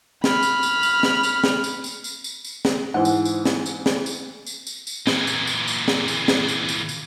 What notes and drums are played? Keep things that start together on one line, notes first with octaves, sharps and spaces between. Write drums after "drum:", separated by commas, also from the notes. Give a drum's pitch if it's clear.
B5 F6, drum: snare
drum: tambourine
drum: tambourine
drum: tambourine
drum: snare
drum: tambourine
drum: snare
drum: tambourine
drum: tambourine
drum: tambourine
drum: tambourine
drum: tambourine
drum: snare
G#2 E3 C5 F#5
drum: tambourine
drum: tambourine
drum: snare
drum: tambourine
drum: snare
drum: tambourine
drum: tambourine
drum: tambourine
drum: tambourine
A#2 E3, drum: snare
drum: tambourine
drum: tambourine
drum: tambourine
drum: snare
drum: tambourine
drum: snare
drum: tambourine
drum: tambourine
drum: tambourine